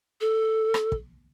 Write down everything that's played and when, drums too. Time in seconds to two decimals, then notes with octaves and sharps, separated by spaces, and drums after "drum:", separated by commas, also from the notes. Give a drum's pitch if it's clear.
0.21 A4
0.74 drum: rim click
0.92 drum: kick